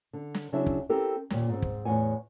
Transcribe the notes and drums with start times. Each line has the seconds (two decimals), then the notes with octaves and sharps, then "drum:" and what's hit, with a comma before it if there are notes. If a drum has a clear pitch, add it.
0.13 D3
0.34 drum: snare
0.53 C#3 F#3 D4 E4 E5
0.66 drum: kick
0.89 C4 E4 G4 A4 A#4
1.30 D#2 A#2, drum: snare
1.49 G#2 C4
1.62 drum: kick
1.85 E2 A2 F#5 G#5